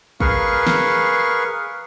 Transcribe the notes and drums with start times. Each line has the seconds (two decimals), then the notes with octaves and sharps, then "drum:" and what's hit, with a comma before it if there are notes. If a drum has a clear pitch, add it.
0.20 G#4 A#4 B4 F5 C#6, drum: kick
0.67 drum: snare